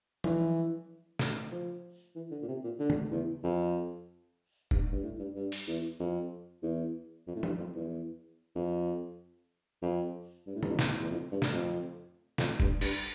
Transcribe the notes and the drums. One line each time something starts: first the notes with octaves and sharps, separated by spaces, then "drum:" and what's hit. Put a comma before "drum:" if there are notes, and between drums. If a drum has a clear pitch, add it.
E3, drum: tom F3
drum: snare
F3
E3
D3
A#2
C3
A#2
D3
drum: tom
E2
F2
G2, drum: kick F1
G2
A2
G2
G2
drum: open hi-hat
E2
F2
E2
F2
A2
G2, drum: tom F3
F2
E2
F2
F2
G2
A2
G2, drum: tom
F2
E2, drum: snare
E2
F2
G2
drum: snare
F2
F2, drum: snare
G2, drum: kick F1
G2, drum: cymbal